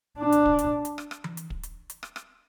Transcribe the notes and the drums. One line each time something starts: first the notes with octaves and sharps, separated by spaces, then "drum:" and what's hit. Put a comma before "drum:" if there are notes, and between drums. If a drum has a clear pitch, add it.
D4
drum: hi-hat
drum: kick
drum: hi-hat
drum: hi-hat
drum: rim click
drum: rim click
drum: tom E3
drum: hi-hat
drum: kick
drum: hi-hat
drum: hi-hat
drum: rim click
drum: rim click